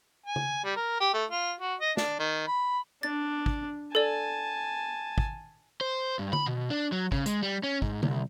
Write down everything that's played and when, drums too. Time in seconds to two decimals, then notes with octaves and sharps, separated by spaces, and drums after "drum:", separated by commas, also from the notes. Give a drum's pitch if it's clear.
0.26 G#5
0.36 drum: tom C#3
0.64 G3
0.76 A#4
1.00 G4
1.14 A3
1.31 F4
1.61 F#4
1.81 D#5
1.97 D4, drum: snare
2.19 D#3
2.47 B5
3.03 D4 A6
3.46 drum: kick
3.95 A4 D5 G#5 A5
5.18 drum: kick
5.81 C5
6.19 G2
6.33 B5, drum: tom D3
6.46 B2
6.70 D4
6.92 F#3
7.12 C#3, drum: kick
7.26 G#3, drum: hi-hat
7.43 G3
7.63 C#4
7.82 G#2, drum: kick
8.03 C2, drum: tom D3